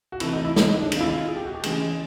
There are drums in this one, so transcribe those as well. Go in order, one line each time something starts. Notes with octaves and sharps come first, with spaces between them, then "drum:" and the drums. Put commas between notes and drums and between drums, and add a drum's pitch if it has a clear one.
F#4
C3 E3 A3 E4, drum: cymbal
D#4
E4
D#4, drum: snare
D#4
D4
C3 D#3 G#3 F4, drum: cymbal
E4
F4
G#4
G4
F#4
G4
C#3 E3 G#3 G#4, drum: cymbal